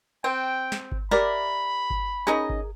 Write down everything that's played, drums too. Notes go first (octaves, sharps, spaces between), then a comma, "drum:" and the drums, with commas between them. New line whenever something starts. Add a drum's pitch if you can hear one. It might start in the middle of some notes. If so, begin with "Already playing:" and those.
C4 G5
drum: snare
drum: kick G1
G4 A#4 D5 E5 B5, drum: snare
drum: kick G1
C#4 D#4 G#4 A#4 D#5
drum: kick G1